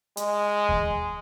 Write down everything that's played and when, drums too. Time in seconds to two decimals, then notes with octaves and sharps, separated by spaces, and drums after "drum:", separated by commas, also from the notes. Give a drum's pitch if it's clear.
0.17 G#3, drum: hi-hat
0.69 drum: kick D#2